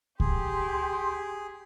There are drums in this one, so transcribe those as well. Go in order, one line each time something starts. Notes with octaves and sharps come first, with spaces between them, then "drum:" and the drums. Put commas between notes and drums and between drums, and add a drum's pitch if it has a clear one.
G4 G#4 C6, drum: kick C#2